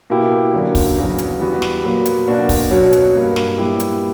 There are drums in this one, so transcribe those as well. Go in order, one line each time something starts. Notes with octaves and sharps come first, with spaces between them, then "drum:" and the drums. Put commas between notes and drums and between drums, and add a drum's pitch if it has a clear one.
B2 A#3 E4 G4
F#2 D3 F#3 A#3 D4
drum: kick, open hi-hat
E2 C#3 F#3
drum: hi-hat
E3 G3 B3 F#4
drum: snare
A#2 F#3 B3
drum: hi-hat
B2 A#3 D4 F#4
drum: kick, open hi-hat
B2 F#3 C#4
drum: hi-hat
G2 F#3 A#3
drum: snare
A#2 G3 B3 E4 G4
drum: hi-hat